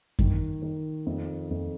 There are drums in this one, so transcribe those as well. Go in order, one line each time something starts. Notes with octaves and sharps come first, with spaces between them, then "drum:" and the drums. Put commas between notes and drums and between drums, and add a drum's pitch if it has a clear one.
D#3, drum: kick F#2
D#3
F2
F2